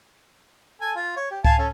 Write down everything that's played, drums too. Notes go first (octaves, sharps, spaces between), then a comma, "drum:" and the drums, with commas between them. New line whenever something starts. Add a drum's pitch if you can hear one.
A4 G#5
F4
C#5
G4
F5 G#5 A5, drum: kick C#2
C#4 A4